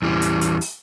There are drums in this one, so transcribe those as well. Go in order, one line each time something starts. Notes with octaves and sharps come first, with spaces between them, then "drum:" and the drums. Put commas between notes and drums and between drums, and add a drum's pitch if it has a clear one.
E2 E3 G3
drum: hi-hat
drum: hi-hat
drum: open hi-hat